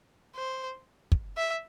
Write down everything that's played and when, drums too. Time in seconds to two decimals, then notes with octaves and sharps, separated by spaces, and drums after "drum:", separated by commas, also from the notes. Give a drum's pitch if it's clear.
0.36 C5
1.12 drum: kick
1.37 E5